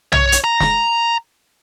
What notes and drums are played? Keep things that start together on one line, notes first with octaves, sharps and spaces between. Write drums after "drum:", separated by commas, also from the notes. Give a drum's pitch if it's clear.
C#5, drum: tom B1
drum: hi-hat
A#5
drum: snare